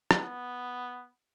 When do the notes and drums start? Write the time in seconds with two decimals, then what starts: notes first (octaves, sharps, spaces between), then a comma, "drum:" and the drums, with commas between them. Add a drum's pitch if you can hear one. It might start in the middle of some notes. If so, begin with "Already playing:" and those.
0.11 drum: rim click
0.21 B3